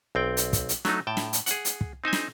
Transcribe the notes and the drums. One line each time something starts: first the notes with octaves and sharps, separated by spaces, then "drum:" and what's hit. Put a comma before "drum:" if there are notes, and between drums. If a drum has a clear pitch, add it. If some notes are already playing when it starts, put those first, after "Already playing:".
B1 C4 G5
drum: hi-hat
drum: kick, hi-hat
drum: hi-hat
F#3 A3 D#4, drum: snare
A2 G5 A5
drum: snare
drum: hi-hat
G#4 F#5, drum: hi-hat
drum: hi-hat
drum: kick
C4 D#4 C5 G#5
drum: snare